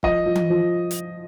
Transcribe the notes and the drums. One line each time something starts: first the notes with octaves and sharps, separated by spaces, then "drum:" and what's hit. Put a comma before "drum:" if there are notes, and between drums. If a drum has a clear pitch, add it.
F3 D#5, drum: kick
F3
drum: tom E3
F3
drum: hi-hat